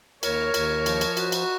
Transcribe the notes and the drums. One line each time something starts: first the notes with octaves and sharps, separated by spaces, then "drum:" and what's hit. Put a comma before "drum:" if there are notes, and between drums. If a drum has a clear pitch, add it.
D#2 A#4 C#5, drum: cymbal
D#2, drum: cymbal
F3, drum: cymbal
drum: cymbal
F#4, drum: cymbal
drum: cymbal